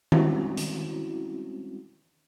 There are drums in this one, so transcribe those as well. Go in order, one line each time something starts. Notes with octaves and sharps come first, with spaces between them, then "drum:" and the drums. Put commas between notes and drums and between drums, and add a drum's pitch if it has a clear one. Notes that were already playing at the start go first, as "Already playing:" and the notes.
G3 G#3 C4 C#4 E4 F#4, drum: tom D#3
drum: hi-hat